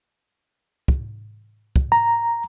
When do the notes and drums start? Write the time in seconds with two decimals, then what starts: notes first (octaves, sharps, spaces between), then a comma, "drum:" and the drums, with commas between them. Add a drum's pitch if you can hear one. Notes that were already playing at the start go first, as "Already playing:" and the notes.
0.88 drum: kick
1.76 drum: kick
1.92 A#5